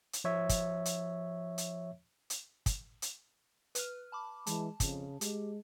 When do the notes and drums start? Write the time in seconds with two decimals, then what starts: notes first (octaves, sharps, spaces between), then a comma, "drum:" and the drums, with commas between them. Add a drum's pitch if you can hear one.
0.13 drum: hi-hat
0.24 F3 C#5 E5
0.49 drum: kick, hi-hat
0.85 drum: hi-hat
1.58 drum: hi-hat
2.30 drum: hi-hat
2.66 drum: kick, hi-hat
3.02 drum: hi-hat
3.75 B4 F6, drum: hi-hat
4.12 A5 B5 D6
4.46 E3 G#3 A5, drum: hi-hat
4.80 F2 C#3, drum: kick, hi-hat
5.21 G#3 G4, drum: hi-hat